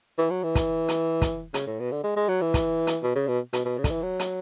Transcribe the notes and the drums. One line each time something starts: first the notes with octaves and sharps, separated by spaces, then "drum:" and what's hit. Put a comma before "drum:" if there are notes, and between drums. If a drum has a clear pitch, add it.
E3
F#3
E3
drum: kick, hi-hat
drum: hi-hat
drum: kick, hi-hat
C#3, drum: hi-hat
A2
B2
D3
G#3
G#3
F#3
E3
drum: kick, hi-hat
drum: hi-hat
B2
C#3
B2
B2, drum: hi-hat
B2
C#3
D3, drum: kick, hi-hat
E3
F#3
drum: hi-hat